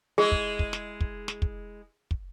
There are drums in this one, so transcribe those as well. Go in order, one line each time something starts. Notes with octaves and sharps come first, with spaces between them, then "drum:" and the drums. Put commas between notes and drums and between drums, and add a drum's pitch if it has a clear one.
G#3 E4 G#4
drum: kick
drum: kick
drum: snare
drum: kick
drum: snare
drum: kick
drum: kick